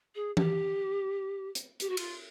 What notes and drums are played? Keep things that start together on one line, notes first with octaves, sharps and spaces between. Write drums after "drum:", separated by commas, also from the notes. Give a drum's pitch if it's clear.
G#4
G4, drum: tom E3
drum: hi-hat
G4, drum: hi-hat
F#4
F4, drum: cymbal